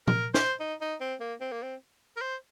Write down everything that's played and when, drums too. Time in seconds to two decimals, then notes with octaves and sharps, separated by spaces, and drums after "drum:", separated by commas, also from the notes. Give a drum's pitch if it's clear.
0.08 A#4, drum: tom A#2
0.34 C5, drum: snare
0.60 D#4
0.81 D#4
1.01 C4
1.20 A#3
1.41 C4
1.52 A#3
1.63 C4
2.17 A#4
2.22 C5